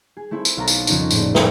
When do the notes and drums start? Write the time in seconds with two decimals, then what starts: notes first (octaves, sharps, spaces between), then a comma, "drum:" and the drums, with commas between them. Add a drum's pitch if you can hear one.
0.17 G#4
0.31 A3 C4 E4
0.45 drum: tambourine
0.57 B1 F5 A5 A#5
0.68 drum: tambourine
0.87 F2 C#3 C#4 D#4, drum: tambourine
1.11 A#1 A2, drum: tambourine
1.35 C5 G5 A#5, drum: snare